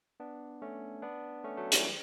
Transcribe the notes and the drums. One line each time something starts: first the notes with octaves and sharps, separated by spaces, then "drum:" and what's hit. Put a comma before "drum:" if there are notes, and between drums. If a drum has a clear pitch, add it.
B3 D4
A3 C#4
B3 D4
A3 C#4
F#3 A3
E3 G3, drum: hi-hat